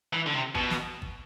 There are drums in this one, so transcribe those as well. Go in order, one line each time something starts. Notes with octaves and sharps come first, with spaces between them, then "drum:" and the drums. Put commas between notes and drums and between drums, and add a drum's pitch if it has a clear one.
E3
D3
C3
B2, drum: kick G#1
drum: snare
drum: kick G#1